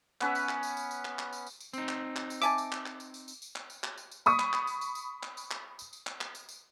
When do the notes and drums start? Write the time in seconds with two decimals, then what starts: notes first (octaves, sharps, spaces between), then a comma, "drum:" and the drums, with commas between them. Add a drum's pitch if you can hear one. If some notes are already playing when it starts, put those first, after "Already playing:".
0.21 B3 C#4 B4 E5, drum: clap
0.35 drum: tambourine
0.49 drum: clap
0.63 drum: tambourine
0.77 drum: tambourine
0.91 drum: tambourine
1.05 drum: clap
1.19 drum: clap
1.33 drum: tambourine
1.47 drum: tambourine
1.60 drum: tambourine
1.73 C4 D#4, drum: tambourine
1.88 drum: clap
2.16 drum: clap
2.30 drum: tambourine
2.42 E5 G#5 A5 D6, drum: tambourine
2.58 drum: tambourine
2.72 drum: clap
2.86 drum: clap
3.00 drum: tambourine
3.14 drum: tambourine
3.28 drum: tambourine
3.42 drum: tambourine
3.56 drum: clap
3.70 drum: tambourine
3.84 drum: clap
3.98 drum: tambourine
4.12 drum: tambourine
4.26 B5 C#6 D#6, drum: tambourine
4.39 drum: clap
4.53 drum: clap
4.67 drum: tambourine
4.81 drum: tambourine
4.95 drum: tambourine
5.23 drum: clap
5.37 drum: tambourine
5.51 drum: clap
5.79 drum: tambourine
5.93 drum: tambourine
6.07 drum: clap
6.21 drum: clap
6.35 drum: tambourine
6.49 drum: tambourine